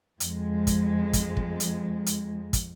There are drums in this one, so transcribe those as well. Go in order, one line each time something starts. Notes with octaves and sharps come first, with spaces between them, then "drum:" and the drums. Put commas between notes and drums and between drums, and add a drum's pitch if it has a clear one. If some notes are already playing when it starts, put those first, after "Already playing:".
F2 G#3, drum: hi-hat
drum: kick, hi-hat
drum: kick, hi-hat
drum: kick
drum: hi-hat
drum: hi-hat
drum: kick, hi-hat